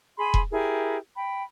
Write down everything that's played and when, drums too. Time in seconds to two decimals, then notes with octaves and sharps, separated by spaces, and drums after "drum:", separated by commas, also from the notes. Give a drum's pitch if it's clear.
0.18 G#4 B5 C6
0.34 drum: kick E1
0.50 E4 G4 G#4 A#4
1.16 G5 B5